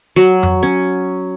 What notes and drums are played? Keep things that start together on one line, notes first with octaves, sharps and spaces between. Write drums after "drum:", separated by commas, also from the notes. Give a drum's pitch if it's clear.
F#3
drum: tom F2
C#4